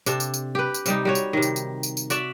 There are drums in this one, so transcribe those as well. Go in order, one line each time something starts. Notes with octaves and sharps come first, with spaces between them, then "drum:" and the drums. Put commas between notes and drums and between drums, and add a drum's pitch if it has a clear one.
C3 D4 A4, drum: tambourine
drum: tambourine
drum: tambourine
G4 B4
drum: tambourine
C3 G3 D#4, drum: tambourine
G3 F#4 C#5
drum: tambourine
C3 D#3
drum: tambourine
drum: tambourine
drum: tambourine
drum: tambourine
F#4 D5 E5, drum: tambourine